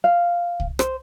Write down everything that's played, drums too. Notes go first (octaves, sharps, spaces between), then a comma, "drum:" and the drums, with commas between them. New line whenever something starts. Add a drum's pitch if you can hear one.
F5
drum: kick C2
C5, drum: rim click